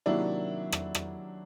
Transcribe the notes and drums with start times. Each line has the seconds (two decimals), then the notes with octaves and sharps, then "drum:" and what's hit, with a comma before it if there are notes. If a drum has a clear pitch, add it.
0.06 C3 D#3 F#3 A#3 D4 E4
0.72 drum: rim click
0.95 drum: rim click